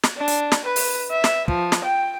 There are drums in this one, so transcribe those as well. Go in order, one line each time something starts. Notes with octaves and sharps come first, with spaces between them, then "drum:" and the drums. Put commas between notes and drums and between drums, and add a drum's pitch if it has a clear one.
drum: snare
D4
drum: hi-hat
drum: snare
B4
drum: open hi-hat
E5
drum: snare
F3, drum: kick
drum: snare
G5